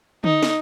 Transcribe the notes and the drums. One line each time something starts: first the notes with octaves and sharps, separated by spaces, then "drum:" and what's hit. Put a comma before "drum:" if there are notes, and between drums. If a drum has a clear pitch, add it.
D#4, drum: tom D3
drum: snare